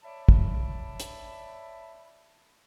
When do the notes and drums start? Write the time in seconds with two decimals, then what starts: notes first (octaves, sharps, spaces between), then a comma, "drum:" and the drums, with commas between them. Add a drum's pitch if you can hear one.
0.03 C#5 D5 E5 A5 B5
0.29 drum: kick
1.00 drum: hi-hat